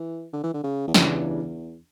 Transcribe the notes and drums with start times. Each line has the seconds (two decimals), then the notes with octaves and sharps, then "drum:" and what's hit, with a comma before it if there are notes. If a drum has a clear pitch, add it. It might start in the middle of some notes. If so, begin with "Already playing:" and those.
Already playing: E3
0.33 D3
0.44 E3
0.54 D3
0.64 C#3
0.88 E2
0.94 C#2 F#2 C#3 E3 G3 D4, drum: snare
1.10 E2